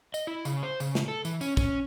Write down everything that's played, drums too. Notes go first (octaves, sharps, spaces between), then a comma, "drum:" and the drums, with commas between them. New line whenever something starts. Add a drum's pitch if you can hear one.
D#5, drum: tambourine
E4
C#3, drum: tambourine
C5
C#3, drum: tambourine
drum: snare
A4
E3, drum: tambourine
C#4, drum: tambourine
C#4, drum: kick, tambourine